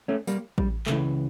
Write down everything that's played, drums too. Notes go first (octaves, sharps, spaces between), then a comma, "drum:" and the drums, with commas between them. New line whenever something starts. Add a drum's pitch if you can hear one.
A3 C#4
G3 A#3, drum: tambourine
G3, drum: kick A1
C#2 C#3 E3 A3, drum: clap